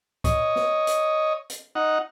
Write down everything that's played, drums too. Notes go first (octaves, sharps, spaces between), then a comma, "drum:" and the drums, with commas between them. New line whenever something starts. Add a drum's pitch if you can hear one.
C#5 D#5, drum: kick, hi-hat
drum: snare
drum: hi-hat
drum: hi-hat
D#4 F#5